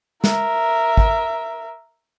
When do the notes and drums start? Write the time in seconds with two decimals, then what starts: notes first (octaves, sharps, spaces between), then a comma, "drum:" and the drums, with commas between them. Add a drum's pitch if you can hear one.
0.24 A#4 E5, drum: snare
0.97 drum: kick